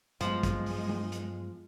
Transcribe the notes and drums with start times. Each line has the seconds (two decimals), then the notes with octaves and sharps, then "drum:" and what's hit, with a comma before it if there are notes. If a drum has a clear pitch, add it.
0.21 G2 F3 F#3 G#3 B3, drum: hi-hat
0.43 drum: kick, hi-hat
0.66 drum: open hi-hat
0.89 drum: tom G#3
1.12 drum: hi-hat